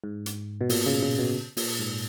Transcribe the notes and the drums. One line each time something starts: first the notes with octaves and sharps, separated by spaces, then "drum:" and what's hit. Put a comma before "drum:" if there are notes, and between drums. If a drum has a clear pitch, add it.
G#2
drum: hi-hat
B2
A#2, drum: open hi-hat
C#3
C#3
B2
A#2, drum: open hi-hat
G#2